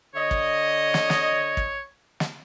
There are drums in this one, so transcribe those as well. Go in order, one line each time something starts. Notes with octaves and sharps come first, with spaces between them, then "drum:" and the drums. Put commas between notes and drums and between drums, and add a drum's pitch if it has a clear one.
D3 C#5 D#5
drum: kick
drum: snare
drum: snare
drum: kick
drum: snare